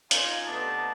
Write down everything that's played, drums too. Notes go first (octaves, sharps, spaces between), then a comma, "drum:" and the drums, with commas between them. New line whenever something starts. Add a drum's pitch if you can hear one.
D#4 F4 G#5, drum: hi-hat
C3 A3 B3 D4 D#4 A5